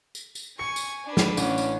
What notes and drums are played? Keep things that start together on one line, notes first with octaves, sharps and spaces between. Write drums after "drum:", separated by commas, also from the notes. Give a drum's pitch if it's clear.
drum: tambourine
drum: tambourine
G#5 C#6 C#7
drum: tambourine
D4 B4
drum: snare
A1 C#4, drum: tambourine
drum: tambourine